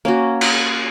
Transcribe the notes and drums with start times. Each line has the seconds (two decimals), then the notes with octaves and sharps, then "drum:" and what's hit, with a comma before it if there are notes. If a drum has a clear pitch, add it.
0.05 A#3 C#4 F#4
0.41 drum: cymbal